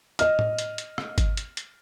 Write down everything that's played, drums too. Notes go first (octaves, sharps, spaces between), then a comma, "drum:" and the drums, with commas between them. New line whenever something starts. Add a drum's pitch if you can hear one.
D#5 F6, drum: hi-hat
drum: tom
drum: hi-hat
drum: hi-hat
drum: rim click
drum: kick G#1, hi-hat
drum: hi-hat
drum: hi-hat